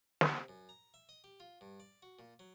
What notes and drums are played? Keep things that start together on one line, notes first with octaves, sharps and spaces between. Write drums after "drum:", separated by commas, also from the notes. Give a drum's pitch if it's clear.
drum: snare
C3
F#2
A#5
E5
D#5
G4
F4
G2
D5
F#4
A#2
F#3